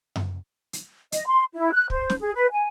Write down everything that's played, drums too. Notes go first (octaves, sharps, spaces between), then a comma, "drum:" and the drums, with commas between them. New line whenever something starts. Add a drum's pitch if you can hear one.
drum: tom F#2
drum: hi-hat
D#5, drum: hi-hat
C6
E4
F#6
C5, drum: kick
drum: snare
G#4
B4
G#5